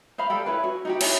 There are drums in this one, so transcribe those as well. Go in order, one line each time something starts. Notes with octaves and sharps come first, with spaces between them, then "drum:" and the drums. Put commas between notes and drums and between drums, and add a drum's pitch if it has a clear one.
C5 D#5 F5 B5
G4 A4 D5
C#4 E4 B4
F#4
D#4 F#4 G4
C#4 E4 G#4 C#5, drum: cymbal